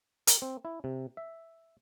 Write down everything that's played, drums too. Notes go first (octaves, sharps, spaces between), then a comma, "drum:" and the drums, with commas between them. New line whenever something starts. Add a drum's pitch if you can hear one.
A#4, drum: hi-hat
C4
E4
C3
E5